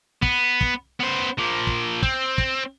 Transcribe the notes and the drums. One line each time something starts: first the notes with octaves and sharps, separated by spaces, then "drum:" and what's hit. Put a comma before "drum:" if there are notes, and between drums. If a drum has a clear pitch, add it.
B3, drum: kick
drum: kick
B3 C5
F3 A#3
drum: kick
C4, drum: kick
drum: kick